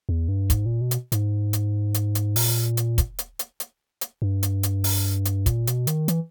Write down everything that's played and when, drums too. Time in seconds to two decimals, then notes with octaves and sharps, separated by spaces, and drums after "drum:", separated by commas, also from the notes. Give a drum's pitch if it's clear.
0.09 E2
0.28 G2
0.50 G#2, drum: kick, hi-hat
0.66 A#2
0.81 B2
0.91 drum: hi-hat
1.12 G#2, drum: hi-hat
1.53 drum: hi-hat
1.94 drum: hi-hat
2.15 drum: hi-hat
2.36 A#2, drum: open hi-hat
2.77 drum: hi-hat
2.98 drum: kick, hi-hat
3.19 drum: hi-hat
3.39 drum: hi-hat
3.60 drum: hi-hat
4.01 drum: hi-hat
4.22 G2
4.43 drum: hi-hat
4.63 drum: hi-hat
4.84 drum: open hi-hat
5.25 drum: hi-hat
5.46 A#2, drum: kick, hi-hat
5.67 B2, drum: hi-hat
5.87 D#3, drum: hi-hat
6.08 E3, drum: hi-hat